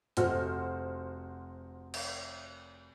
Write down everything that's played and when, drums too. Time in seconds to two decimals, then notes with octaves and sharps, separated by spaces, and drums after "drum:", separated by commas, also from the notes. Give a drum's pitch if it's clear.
0.17 F1 F#4 C5 F6, drum: hi-hat
1.94 drum: cymbal